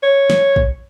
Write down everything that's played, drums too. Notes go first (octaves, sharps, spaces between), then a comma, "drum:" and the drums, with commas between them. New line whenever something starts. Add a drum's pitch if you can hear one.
C#5
drum: snare
drum: kick